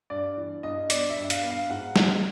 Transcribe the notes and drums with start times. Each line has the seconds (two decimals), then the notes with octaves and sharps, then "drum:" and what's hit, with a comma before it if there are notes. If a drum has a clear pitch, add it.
0.10 G2 D5
0.37 E3
0.63 G2 D#5
0.90 B3 D5, drum: hi-hat
1.09 E5
1.17 G2
1.30 F5, drum: hi-hat
1.43 B3
1.50 F5
1.70 G#2 F#5
1.96 G#3, drum: snare